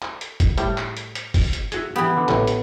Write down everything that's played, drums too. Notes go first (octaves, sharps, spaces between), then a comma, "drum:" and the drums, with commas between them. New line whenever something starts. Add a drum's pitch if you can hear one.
drum: clap
drum: hi-hat
drum: kick, hi-hat
A2 G3, drum: hi-hat
drum: clap
drum: hi-hat
drum: hi-hat
drum: kick, open hi-hat
drum: hi-hat
E4 F#4 G#4, drum: hi-hat
E3 B3 G4 G5
D3
A1 A2, drum: clap
drum: hi-hat